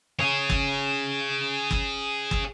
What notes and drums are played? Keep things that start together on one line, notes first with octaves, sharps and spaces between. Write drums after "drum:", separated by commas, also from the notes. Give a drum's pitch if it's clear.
G#4 C#5
drum: kick
drum: kick
drum: kick